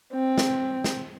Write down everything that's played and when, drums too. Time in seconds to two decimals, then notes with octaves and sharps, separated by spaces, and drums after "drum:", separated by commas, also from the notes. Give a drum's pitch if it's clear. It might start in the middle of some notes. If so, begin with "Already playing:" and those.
0.14 C4
0.38 drum: snare
0.84 drum: snare